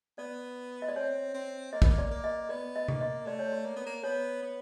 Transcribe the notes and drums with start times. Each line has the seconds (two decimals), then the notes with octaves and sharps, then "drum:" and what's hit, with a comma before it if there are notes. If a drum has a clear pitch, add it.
0.18 B3 D5
0.82 D#5
0.88 D5
0.95 C4 C#5
1.34 C4
1.72 A#3 D#5
1.82 B3, drum: kick
1.90 A#3
1.98 D5
2.11 A#3
2.24 D#5
2.49 B3 D5
2.76 D#5
2.88 A#3, drum: tom C3
3.01 D#5
3.26 A3 D5
3.39 C#5
3.52 D5
3.66 A#3
3.76 B3
3.86 A#3
4.04 B3 C#5
4.42 B3